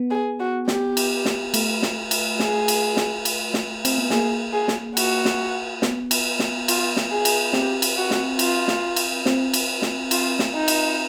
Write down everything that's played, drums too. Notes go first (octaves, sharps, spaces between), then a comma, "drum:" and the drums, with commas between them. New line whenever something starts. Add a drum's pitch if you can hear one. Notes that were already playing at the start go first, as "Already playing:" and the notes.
Already playing: B3
G#4
F#4
G4, drum: snare
drum: cymbal
drum: snare
A3, drum: cymbal
drum: snare
drum: cymbal
G#4, drum: snare
drum: cymbal
drum: snare
drum: cymbal
drum: snare
C4, drum: cymbal
B3
A#3 G#4, drum: snare
G#4
drum: snare
F#4, drum: cymbal
drum: snare
B3, drum: snare
drum: cymbal
drum: snare
F4, drum: cymbal
drum: snare
G#4
drum: cymbal
C4 G4, drum: snare
drum: cymbal
F#4
drum: snare
F4, drum: cymbal
drum: snare
drum: cymbal
C4, drum: snare
drum: cymbal
drum: snare
F4, drum: cymbal
drum: snare
D#4
drum: cymbal